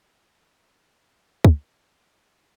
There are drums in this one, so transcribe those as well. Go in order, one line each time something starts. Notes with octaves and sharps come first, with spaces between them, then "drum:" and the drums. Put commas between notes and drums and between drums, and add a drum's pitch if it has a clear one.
A#3
B5
F#4, drum: kick
F6